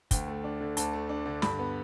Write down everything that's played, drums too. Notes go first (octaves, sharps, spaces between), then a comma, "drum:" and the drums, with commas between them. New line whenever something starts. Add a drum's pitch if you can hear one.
D2 G5, drum: kick, hi-hat
A3
D4
D3
D2 A5, drum: hi-hat
A3
D4
D3
G2 B5, drum: snare
B3